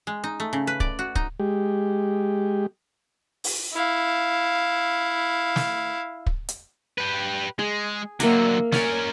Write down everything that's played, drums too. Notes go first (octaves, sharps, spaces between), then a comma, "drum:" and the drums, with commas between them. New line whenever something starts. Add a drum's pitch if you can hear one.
G#3
D#4
A3
C#3
B4
D5, drum: kick
F#4
D#4, drum: kick
G#3 G4
drum: open hi-hat
E4 F5
drum: snare
drum: kick
drum: hi-hat
G4 B4
G#3 G#4
D3 F#3 A#3 E5 A#5, drum: hi-hat
C#4 A#4 D5 G#5, drum: snare